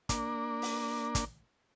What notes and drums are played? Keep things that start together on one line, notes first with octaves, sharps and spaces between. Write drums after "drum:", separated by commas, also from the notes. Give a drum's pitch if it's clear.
A#3 D4, drum: kick, hi-hat
drum: open hi-hat
drum: kick, hi-hat